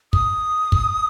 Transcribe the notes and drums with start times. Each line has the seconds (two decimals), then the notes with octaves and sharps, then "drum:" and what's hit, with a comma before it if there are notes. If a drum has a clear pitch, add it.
0.13 D#6, drum: kick
0.72 drum: kick